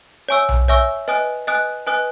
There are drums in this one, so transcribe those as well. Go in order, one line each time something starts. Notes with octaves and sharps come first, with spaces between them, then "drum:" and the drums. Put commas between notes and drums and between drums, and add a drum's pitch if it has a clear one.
C#5 E5 G#5 C#6 E6
drum: tom B1
C#5 E5 G#5 C#6 E6
B4 D#5 G#5 D#6 F#6
B4 D#5 G#5 D#6 F#6
B4 D#5 G#5 D#6 F#6